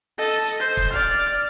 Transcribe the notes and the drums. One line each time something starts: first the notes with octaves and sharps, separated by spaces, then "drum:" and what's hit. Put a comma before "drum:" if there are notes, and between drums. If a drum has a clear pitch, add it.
A4 D#5
drum: hi-hat
C5
drum: kick, hi-hat
D5 F6